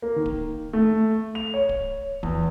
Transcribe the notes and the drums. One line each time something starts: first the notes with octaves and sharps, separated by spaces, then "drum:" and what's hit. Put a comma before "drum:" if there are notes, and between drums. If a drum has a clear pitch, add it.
A#3
D#3
drum: kick D1
A3
F7
C#5
drum: kick D1
E2, drum: kick D1